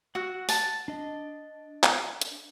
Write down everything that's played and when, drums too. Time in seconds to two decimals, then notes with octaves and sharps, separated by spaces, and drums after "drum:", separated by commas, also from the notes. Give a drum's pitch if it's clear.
0.15 F#4 F#5 E6 F#6
0.49 A5, drum: open hi-hat
0.88 D4 D#5
1.84 drum: clap
2.21 drum: hi-hat